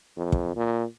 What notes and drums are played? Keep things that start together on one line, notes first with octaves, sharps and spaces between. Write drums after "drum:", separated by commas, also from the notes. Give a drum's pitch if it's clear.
F2
drum: kick
A#2